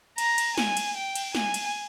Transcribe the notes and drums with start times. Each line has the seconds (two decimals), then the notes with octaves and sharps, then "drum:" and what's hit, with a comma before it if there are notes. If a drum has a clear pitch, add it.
0.18 A#5, drum: cymbal
0.38 drum: cymbal
0.58 G#5, drum: snare
0.77 drum: cymbal
0.97 G5
1.15 drum: cymbal
1.35 G#5, drum: snare
1.54 drum: cymbal